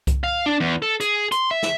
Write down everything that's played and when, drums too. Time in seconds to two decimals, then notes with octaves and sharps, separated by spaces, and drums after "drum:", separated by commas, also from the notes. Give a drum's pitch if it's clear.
0.07 drum: kick C2, hi-hat
0.24 F5
0.46 D4
0.60 E2
0.82 A4
1.00 G#4, drum: hi-hat
1.32 C6, drum: hi-hat
1.51 E5
1.63 drum: snare